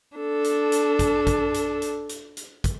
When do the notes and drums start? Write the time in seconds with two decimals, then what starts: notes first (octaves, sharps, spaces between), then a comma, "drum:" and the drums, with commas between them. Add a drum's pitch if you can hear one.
0.17 D4 A4
0.44 drum: hi-hat
0.72 drum: hi-hat
0.99 drum: kick, hi-hat
1.27 drum: kick, hi-hat
1.54 drum: hi-hat
1.82 drum: hi-hat
2.09 drum: hi-hat
2.37 drum: hi-hat
2.64 drum: kick, hi-hat